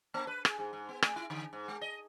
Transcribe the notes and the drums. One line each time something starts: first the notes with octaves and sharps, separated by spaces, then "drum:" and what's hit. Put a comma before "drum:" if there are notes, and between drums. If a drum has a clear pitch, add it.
A#3
B4
G#4, drum: rim click
G#2
G#2
B3
A3, drum: rim click
E4
D3
G#2
G#3
D#5